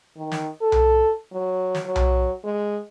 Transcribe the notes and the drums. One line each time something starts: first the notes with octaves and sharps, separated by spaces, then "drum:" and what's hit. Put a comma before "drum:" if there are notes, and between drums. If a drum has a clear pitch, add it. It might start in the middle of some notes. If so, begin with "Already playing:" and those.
D#3
drum: snare
A4
drum: tom B1
F#3
drum: snare
F#3
drum: tom B1
G#3